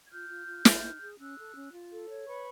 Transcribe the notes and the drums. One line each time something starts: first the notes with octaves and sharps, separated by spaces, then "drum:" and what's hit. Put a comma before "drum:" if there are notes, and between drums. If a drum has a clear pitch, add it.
G#6
F4 F6 G6
F4
F4
G#4, drum: snare
D#4
G#4
C#4 E6 F#6
A4
C#4
F4
A4
C#5
B4 B5 C#6